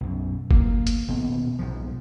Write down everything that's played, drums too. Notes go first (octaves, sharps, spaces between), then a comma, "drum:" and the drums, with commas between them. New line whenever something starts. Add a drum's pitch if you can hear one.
B1 F#2
A#3, drum: kick F#1
drum: hi-hat
D#1 B2
B1 G#2 F3